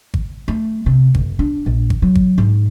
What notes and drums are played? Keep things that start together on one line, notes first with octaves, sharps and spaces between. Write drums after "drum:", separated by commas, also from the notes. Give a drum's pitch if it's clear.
drum: kick G#1
A3
C3
F#1, drum: kick G#1
D4
A#1
drum: kick G#1
F#3
drum: kick G#1
G#2